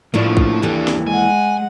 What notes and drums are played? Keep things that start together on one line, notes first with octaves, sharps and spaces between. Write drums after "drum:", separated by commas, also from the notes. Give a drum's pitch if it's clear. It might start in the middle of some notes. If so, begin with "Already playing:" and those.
A2 F3 A#3 C#4 D4 E4 D5
drum: kick
D#2 E3 G3 D4 A4
drum: snare
G#3 F#5 G#5